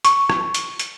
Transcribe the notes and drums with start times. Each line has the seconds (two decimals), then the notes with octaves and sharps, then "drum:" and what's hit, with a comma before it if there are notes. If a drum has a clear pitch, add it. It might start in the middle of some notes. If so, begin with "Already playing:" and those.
0.05 C#6, drum: hi-hat
0.30 drum: rim click
0.55 drum: hi-hat
0.79 drum: hi-hat